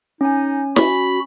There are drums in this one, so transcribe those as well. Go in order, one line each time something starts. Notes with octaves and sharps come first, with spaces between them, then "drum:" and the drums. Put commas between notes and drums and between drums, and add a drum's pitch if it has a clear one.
C#4 D#4 G#5
F#4 B5, drum: snare